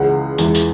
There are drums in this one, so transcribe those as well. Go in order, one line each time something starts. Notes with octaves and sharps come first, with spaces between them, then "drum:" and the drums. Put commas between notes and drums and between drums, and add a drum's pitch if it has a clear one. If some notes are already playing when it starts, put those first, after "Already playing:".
Already playing: C#2 C#3 E3 G#3 F#5
E2 E3 G#3, drum: tambourine
drum: tambourine